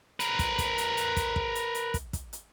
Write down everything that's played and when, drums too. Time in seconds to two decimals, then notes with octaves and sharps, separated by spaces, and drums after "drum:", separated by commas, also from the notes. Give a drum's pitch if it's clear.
0.20 A#4 B4, drum: hi-hat
0.39 drum: kick, hi-hat
0.58 drum: kick, hi-hat
0.78 drum: hi-hat
0.97 drum: hi-hat
1.17 drum: kick, hi-hat
1.36 drum: kick
1.55 drum: hi-hat
1.75 drum: hi-hat
1.94 drum: kick, hi-hat
2.13 drum: kick, hi-hat
2.33 drum: hi-hat